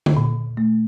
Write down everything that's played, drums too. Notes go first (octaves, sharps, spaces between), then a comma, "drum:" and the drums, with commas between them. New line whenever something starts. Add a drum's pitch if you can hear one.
drum: tom D3
A#2
A3